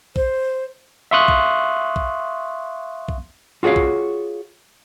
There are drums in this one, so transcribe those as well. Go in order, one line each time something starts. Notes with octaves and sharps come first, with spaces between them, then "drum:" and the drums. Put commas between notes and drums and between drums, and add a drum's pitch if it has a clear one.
C5, drum: kick
E5 F5 C6 C#6 D#6 F#6
drum: kick
drum: kick
drum: kick
F4 F#4 G#4 C#5 F5
drum: kick